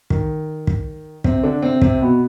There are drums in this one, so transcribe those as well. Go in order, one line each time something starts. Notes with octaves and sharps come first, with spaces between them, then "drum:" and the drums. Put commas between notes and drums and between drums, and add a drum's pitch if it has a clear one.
D#3, drum: kick
drum: kick
C3 C4, drum: kick
D3 D4
C3 C4
C3 C4, drum: kick
B2 B3